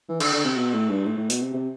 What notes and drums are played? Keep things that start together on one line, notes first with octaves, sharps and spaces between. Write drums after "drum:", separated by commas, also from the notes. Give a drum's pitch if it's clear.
E3
D3, drum: cymbal
D3
C3
B2
A2
G2
A2
A2
B2, drum: hi-hat
C3
C3